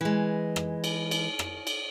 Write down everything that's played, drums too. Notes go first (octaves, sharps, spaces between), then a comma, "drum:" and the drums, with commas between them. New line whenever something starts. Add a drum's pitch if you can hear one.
E3 G#3
drum: rim click
drum: cymbal
drum: cymbal
drum: rim click
drum: cymbal